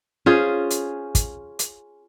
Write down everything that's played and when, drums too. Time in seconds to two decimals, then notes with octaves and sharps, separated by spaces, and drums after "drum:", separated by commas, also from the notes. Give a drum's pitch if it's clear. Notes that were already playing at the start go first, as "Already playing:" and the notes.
0.26 C#4 F4 G#4 C5
0.70 drum: hi-hat
1.15 drum: kick, hi-hat
1.59 drum: hi-hat